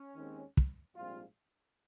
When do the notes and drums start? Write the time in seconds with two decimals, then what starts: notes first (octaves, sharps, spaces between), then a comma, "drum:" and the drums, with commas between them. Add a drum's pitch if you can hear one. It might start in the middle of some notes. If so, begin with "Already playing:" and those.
Already playing: C#4
0.15 D#2 D#3 G#3 C4
0.57 drum: kick
0.94 A#1 G#2 G3 C4 F4